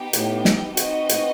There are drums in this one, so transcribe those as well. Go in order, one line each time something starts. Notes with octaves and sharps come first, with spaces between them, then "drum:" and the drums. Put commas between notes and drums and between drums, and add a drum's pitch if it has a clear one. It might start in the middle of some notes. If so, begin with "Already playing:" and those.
Already playing: B3 D#4 G4
A2, drum: hi-hat
drum: snare
C4 D#4 F#4 B4 D#5, drum: hi-hat
A2, drum: hi-hat